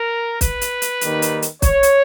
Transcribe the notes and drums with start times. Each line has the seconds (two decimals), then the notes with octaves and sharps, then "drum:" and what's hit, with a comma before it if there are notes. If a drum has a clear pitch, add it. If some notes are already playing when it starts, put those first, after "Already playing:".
Already playing: A#4
0.41 B4, drum: kick, hi-hat
0.61 drum: hi-hat
0.82 drum: hi-hat
1.01 D#2 D#3 G3, drum: hi-hat
1.22 drum: hi-hat
1.42 drum: hi-hat
1.62 C#5, drum: kick, hi-hat
1.83 drum: hi-hat